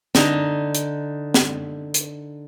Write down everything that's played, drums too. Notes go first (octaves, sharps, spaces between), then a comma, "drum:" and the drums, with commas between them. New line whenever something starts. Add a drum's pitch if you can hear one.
D3 D#4 A#5, drum: snare
drum: hi-hat
drum: snare
drum: hi-hat